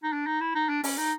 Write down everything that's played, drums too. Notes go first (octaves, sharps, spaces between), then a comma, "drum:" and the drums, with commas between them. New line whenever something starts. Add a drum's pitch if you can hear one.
D#4
D4
D#4
E4
D#4
D4
C#4, drum: open hi-hat
D#4